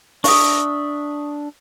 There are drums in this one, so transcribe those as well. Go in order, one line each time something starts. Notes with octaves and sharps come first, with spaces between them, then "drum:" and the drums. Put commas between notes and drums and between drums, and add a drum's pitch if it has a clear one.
D4 E5 C#6 D#6, drum: open hi-hat